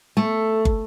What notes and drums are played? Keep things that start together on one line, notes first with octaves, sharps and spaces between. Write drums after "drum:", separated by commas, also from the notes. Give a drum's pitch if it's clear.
A3
drum: kick